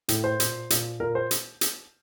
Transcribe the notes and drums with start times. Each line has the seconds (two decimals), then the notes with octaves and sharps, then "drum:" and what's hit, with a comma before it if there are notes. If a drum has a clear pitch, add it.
0.08 A2, drum: hi-hat
0.24 C5
0.40 A#2, drum: hi-hat
0.70 A#2, drum: hi-hat
1.00 A#2 A#4
1.15 C5
1.31 drum: hi-hat
1.61 drum: hi-hat